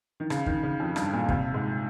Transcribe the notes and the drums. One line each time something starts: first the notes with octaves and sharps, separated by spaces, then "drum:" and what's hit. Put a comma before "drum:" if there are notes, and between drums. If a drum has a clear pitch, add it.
D#3
C#3, drum: rim click
D#3, drum: kick
C#3
F2
G2, drum: rim click
A#2
C3, drum: kick
G#2